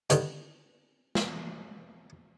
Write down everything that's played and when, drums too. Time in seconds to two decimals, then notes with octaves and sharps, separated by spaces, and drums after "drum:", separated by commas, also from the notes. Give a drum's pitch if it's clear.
0.10 G2 D3 D#3, drum: hi-hat
1.15 drum: snare